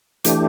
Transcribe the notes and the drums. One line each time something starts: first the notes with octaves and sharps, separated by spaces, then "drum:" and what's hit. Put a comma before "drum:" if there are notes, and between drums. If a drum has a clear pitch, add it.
E3 A3 D4 G4, drum: hi-hat